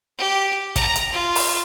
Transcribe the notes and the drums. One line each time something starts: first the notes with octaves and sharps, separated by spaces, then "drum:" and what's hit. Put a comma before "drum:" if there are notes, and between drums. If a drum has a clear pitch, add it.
G4
A#5, drum: kick, hi-hat
drum: hi-hat
F4
drum: open hi-hat